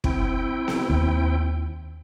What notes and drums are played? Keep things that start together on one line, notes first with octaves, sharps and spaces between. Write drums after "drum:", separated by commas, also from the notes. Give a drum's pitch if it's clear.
C4 E4 G5, drum: kick
drum: snare B3
D#2